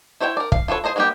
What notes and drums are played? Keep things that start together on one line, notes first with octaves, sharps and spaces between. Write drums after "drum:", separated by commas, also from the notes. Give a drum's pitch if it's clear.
E4 C5 C#5 F#5 G5
A#4 D5
F5, drum: kick
F4 A4 B4 C#5
G#4 C5 D#5 A#5
F#3 G#3 A#3 B3 G4